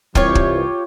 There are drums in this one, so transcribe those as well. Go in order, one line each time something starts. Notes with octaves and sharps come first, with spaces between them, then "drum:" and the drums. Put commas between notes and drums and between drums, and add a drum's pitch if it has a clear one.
C2 E3 F4 G4 C#5, drum: kick
drum: kick